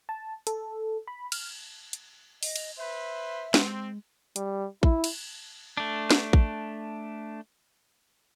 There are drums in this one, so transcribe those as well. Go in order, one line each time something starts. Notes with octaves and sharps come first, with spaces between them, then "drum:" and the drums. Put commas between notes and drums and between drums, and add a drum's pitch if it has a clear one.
A5
A4, drum: hi-hat
B5
F6, drum: cymbal
drum: hi-hat
D#5, drum: open hi-hat
drum: cymbal
B4 C5 E5
G#3 C4, drum: snare
G3, drum: hi-hat
E4, drum: kick
drum: cymbal
A3 D4
drum: snare
drum: kick